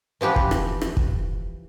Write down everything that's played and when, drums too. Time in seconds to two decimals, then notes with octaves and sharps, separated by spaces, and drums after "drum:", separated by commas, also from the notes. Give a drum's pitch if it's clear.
0.21 E3 F3 G4 B4
0.36 drum: kick
0.51 drum: rim click
0.82 drum: rim click
0.97 drum: kick